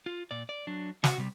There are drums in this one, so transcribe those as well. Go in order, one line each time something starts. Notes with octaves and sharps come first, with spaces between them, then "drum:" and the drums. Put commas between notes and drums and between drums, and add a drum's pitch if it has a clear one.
F4
A#2 D5
D5
F#3 D4
F#4, drum: snare
C3 G3